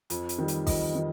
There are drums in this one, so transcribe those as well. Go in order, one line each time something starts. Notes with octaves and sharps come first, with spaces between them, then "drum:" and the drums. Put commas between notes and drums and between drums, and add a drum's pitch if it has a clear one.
F2, drum: hi-hat
drum: hi-hat
D#3 G3
drum: hi-hat
F2 D#5, drum: kick, open hi-hat
D#3